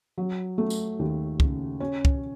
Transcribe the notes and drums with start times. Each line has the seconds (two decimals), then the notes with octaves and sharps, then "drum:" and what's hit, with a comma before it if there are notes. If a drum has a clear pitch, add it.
0.18 F#3
0.58 A3
0.70 drum: tambourine
0.99 D#2
1.40 C#3, drum: kick
1.80 C#4
2.05 drum: kick